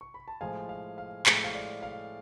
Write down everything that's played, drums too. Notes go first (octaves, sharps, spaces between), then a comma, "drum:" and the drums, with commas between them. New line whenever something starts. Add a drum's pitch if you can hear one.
C#6
B5
A5
A2 F3 G#3 F5 G#5
F5
F5
A2 F3 G#3, drum: clap
F5
D5
F5